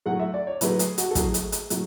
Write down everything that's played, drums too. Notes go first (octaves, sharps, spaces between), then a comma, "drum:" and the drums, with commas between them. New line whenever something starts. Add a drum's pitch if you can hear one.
A2 F#3 A3 F#5
E5
D5
C#5
A2 F#3 A3 B4, drum: hi-hat
G#4, drum: hi-hat
F#4, drum: hi-hat
A4
A2 F#3 A3 G#4, drum: kick, hi-hat
drum: hi-hat
drum: hi-hat
A2 F#3 A3, drum: hi-hat